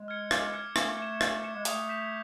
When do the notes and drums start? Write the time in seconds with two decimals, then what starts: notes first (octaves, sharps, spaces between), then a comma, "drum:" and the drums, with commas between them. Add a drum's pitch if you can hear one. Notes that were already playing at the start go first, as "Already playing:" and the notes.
Already playing: G#3
0.08 F6 G#6 C#7
0.31 D6, drum: rim click
0.53 F6 G#6 C#7
0.76 A3 G#6, drum: rim click
0.98 C#7 E7
1.21 G#6, drum: rim click
1.44 C#7 E7
1.55 G#3
1.65 A3 D#6, drum: hi-hat
1.89 G6 B6 E7